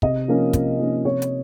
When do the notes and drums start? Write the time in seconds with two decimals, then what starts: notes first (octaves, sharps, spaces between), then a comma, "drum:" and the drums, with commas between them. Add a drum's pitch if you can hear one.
0.02 C3 D#5, drum: kick
0.28 F3 A#3 C#4
0.53 C3, drum: kick, hi-hat
0.79 F3 A#3 C#4
1.04 C3 C#5
1.22 drum: hi-hat